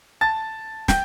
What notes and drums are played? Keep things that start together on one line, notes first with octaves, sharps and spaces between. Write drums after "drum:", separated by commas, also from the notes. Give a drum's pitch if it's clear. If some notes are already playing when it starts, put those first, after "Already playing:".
A5 A6
G5 G6, drum: snare